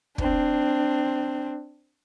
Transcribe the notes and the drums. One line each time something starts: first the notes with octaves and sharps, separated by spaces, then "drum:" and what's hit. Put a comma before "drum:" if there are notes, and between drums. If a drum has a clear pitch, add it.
C4 D4, drum: kick